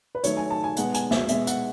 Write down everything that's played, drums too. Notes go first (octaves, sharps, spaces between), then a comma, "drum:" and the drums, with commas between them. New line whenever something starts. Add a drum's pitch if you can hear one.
B4
D#3 F#3 A3 C#5, drum: hi-hat
G#5
A5
G#5
B2 G#3 B3 F#5, drum: hi-hat
G#5, drum: hi-hat
E5, drum: snare
B2 G#3 B3 E5, drum: hi-hat
F#5, drum: hi-hat